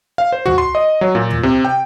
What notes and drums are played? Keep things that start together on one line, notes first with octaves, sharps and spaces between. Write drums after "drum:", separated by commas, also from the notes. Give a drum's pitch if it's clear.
F5
C5
F#4, drum: tom
C6
D#5
F#3
A#2
drum: tom
C3
G5